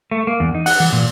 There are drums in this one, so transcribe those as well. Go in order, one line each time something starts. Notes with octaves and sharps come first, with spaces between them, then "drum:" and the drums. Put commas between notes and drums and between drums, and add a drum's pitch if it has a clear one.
A3
A#3
E2
D#4
F#5, drum: open hi-hat
E3
A#2